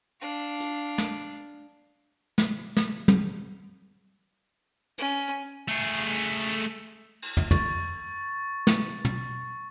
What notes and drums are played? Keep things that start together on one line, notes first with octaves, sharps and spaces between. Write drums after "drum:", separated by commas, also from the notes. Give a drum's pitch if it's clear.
D4 F5
drum: hi-hat
drum: snare
drum: snare
drum: snare
drum: tom
C#4, drum: hi-hat
A3 G#4
drum: cymbal
drum: tom
C#6 A6, drum: tom
drum: snare
drum: tom